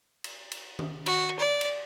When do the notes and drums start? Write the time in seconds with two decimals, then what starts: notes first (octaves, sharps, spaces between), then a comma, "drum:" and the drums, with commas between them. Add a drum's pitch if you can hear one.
0.24 drum: cymbal
0.52 drum: cymbal
0.79 drum: tom D#3
1.06 F#4, drum: cymbal
1.39 D5
1.61 drum: cymbal